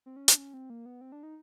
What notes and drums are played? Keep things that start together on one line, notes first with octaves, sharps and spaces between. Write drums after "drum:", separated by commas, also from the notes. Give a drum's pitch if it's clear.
C4
C#4
D4, drum: hi-hat
C#4
C4
A#3
B3
C4
D4
D#4